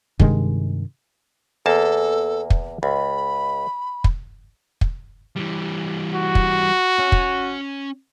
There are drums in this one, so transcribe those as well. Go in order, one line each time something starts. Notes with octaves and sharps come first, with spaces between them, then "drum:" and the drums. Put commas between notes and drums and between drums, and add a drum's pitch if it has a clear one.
G2 C3 D#3 G#3, drum: kick
E2 A#3 A4 A5
drum: kick
C#2 B5
drum: kick
drum: kick
E3 G3
F#4
drum: kick
C#4 C#5
drum: kick